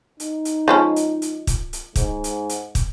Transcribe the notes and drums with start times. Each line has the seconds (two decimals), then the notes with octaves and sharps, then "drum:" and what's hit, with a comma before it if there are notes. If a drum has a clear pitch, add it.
0.20 D#4, drum: hi-hat
0.45 drum: hi-hat
0.68 F3 G#3 C#4
0.96 drum: hi-hat
1.22 drum: hi-hat
1.47 drum: kick, hi-hat
1.73 drum: hi-hat
1.96 G#2, drum: kick, hi-hat
2.24 drum: hi-hat
2.49 drum: hi-hat
2.75 drum: kick, hi-hat